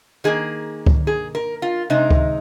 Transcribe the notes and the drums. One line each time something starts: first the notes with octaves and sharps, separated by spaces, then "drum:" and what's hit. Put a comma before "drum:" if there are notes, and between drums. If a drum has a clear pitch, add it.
D#3 A#3 G#4
drum: kick C#2
G#4
A#4
F4
C3 G#3 D#4
drum: kick C#2